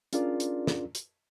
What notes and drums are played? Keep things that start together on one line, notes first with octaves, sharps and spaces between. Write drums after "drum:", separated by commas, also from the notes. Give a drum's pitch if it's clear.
C#4 D4 F4 G#4 A#4 D5, drum: hi-hat
drum: hi-hat
drum: snare
drum: hi-hat